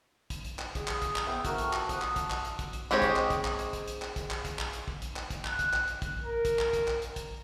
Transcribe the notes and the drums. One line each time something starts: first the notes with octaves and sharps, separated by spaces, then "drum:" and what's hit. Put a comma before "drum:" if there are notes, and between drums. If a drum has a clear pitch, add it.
drum: kick, hi-hat
drum: hi-hat
drum: clap
G#4, drum: kick, hi-hat
drum: clap
drum: kick, hi-hat
drum: clap
B3 E5 G5 B5
F3 F#4 A#4, drum: kick, hi-hat
A4, drum: hi-hat
drum: clap
F#5 A5 D#6, drum: kick, hi-hat
drum: clap
drum: kick, hi-hat
drum: clap
drum: hi-hat
drum: kick, hi-hat
drum: hi-hat
G#3 C4 G4 C#5 D#5
drum: kick, hi-hat
drum: clap
drum: kick, hi-hat
drum: clap
drum: hi-hat
drum: kick, hi-hat
drum: hi-hat
drum: clap
drum: kick, hi-hat
drum: clap
drum: kick, hi-hat
drum: clap
drum: hi-hat
drum: kick
drum: hi-hat
drum: clap
drum: kick, hi-hat
F#6, drum: clap
drum: kick, hi-hat
drum: clap
drum: hi-hat
drum: kick, hi-hat
A#4
drum: kick, hi-hat
drum: clap
drum: kick, hi-hat
drum: clap
drum: hi-hat
drum: kick, hi-hat